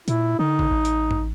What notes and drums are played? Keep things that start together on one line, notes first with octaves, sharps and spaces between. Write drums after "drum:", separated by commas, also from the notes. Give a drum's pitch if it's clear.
A#2 E4, drum: hi-hat
D3 D#4
drum: kick
A1
drum: hi-hat
drum: tom